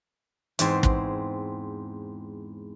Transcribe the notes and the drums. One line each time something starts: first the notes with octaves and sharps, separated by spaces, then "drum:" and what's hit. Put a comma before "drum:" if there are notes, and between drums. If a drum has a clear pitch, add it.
E2 G#2 C4, drum: hi-hat
drum: kick